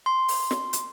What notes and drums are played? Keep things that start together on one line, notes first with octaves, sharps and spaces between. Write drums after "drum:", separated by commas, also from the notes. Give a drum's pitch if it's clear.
C6
drum: open hi-hat
drum: snare
drum: hi-hat